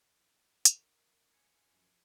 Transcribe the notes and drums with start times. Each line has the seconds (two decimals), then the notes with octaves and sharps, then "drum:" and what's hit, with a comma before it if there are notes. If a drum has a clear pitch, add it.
0.65 A#4, drum: hi-hat
1.33 G#5 G#6 C7 C#7
1.70 F#2 F3